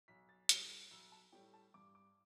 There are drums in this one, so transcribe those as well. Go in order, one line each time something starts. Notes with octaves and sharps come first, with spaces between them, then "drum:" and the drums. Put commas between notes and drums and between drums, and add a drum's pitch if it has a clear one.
B1 B6
A6
A2 G3 B6, drum: hi-hat
B1 E6
A5
A2 G3 G5
A5
G2 D6
D6